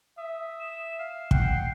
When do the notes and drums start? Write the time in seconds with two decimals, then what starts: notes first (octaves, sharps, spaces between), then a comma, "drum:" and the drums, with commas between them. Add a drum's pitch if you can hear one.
0.18 E5 D#6
0.59 E7
0.99 F5
1.31 F#5 G5 C7, drum: kick